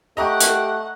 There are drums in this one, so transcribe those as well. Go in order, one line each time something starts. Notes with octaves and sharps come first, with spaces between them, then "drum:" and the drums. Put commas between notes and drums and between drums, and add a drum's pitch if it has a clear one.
A3 G4 D#5 F#5 A#5 C#6
drum: hi-hat